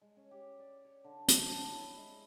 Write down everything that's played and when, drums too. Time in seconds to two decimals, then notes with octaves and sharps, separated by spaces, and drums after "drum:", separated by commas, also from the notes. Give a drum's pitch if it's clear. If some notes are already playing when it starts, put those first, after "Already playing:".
0.01 G#3
0.17 C#4
0.31 G4
0.59 D5
0.85 C#5
1.04 D3
1.28 A4, drum: hi-hat
1.44 D4
1.56 F#3
1.69 E4
1.97 G#3